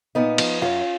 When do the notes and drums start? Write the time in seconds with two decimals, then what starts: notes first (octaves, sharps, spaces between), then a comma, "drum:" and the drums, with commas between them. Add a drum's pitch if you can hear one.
0.15 A#2 B3 D#4
0.38 F3, drum: cymbal
0.61 F#2 C#4 F4